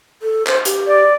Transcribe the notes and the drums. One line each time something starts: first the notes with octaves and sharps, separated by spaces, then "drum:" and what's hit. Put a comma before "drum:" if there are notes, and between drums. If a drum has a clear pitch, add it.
A4
C5, drum: clap
G4, drum: hi-hat
D5